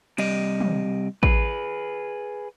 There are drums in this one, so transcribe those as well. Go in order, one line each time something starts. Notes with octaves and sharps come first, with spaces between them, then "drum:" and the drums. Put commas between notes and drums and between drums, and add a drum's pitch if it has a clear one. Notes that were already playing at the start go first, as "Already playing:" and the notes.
C3 G3 G4 D#5, drum: cymbal
drum: tom
G#4 B4, drum: kick